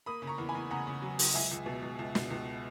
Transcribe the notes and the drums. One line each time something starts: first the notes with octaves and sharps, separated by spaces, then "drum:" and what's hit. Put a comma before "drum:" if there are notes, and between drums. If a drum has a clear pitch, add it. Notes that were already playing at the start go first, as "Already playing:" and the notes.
A#3 B5 D#6
C#3
A#5 C#6
E2
G#5 B5
E2
C#3 F#5 A#5
C#3
F#3
F#3, drum: open hi-hat
C#2 E5 G#5
C#2
B2
C#2
C#2
B2, drum: snare
C#2